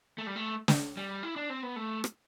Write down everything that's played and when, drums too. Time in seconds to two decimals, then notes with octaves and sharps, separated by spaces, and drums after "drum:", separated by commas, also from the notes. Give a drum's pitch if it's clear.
0.18 A3
0.27 G3
0.36 A3
0.68 drum: snare
0.97 G3
1.23 E4
1.36 D4
1.50 C4
1.63 B3
1.76 A3
2.04 drum: rim click